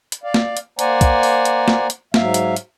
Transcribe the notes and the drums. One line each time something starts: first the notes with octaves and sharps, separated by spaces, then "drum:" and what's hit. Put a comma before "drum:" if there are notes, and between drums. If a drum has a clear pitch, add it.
drum: hi-hat
D5 F5
drum: snare
drum: hi-hat
A#3 C5 D5 F#5 G#5 A#5, drum: hi-hat
drum: kick, hi-hat
drum: open hi-hat
drum: hi-hat
drum: snare
drum: hi-hat
G#2 F#3 E5 F5, drum: snare
drum: hi-hat
drum: hi-hat